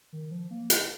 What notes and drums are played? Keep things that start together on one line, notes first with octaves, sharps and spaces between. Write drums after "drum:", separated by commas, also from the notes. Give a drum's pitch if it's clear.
D#3
F3
A#3
drum: hi-hat